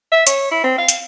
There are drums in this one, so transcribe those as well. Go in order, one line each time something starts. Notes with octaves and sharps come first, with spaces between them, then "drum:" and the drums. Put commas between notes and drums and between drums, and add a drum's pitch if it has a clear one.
E5
C#5, drum: hi-hat
E4
C4
F5
drum: hi-hat